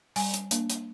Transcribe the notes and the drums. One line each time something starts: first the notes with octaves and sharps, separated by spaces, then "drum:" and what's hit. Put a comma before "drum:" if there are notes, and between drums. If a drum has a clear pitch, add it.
G3 G#5, drum: open hi-hat
drum: hi-hat
A#3 D4, drum: hi-hat
drum: hi-hat